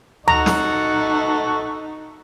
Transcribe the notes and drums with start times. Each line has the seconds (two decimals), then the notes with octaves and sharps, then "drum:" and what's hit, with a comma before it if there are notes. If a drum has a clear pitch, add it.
0.28 D#4 A4 F#5 A#5 C#6, drum: tom D2
0.46 drum: snare